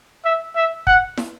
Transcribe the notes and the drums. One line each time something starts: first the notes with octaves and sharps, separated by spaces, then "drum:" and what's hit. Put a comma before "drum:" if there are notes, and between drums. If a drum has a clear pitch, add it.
E5
E5
F#5, drum: kick
drum: snare